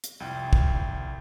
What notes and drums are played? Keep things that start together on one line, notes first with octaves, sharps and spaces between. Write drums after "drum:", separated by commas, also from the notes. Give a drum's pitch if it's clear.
drum: hi-hat
C2 F2 G5
drum: kick